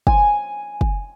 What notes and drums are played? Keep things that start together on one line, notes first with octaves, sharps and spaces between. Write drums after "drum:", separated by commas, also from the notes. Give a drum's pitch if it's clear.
G#5, drum: kick
drum: kick